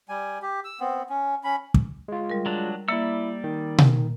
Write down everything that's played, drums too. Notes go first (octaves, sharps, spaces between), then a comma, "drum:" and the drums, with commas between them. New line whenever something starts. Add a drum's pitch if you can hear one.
G3 G#5
G4
E6
B3 C4
C#4
C#4 B5
drum: kick
G#3 F4
G3 A#4
F#3 D4
G3 A#3 E4 D5 E5 E6
D#3
drum: tom B2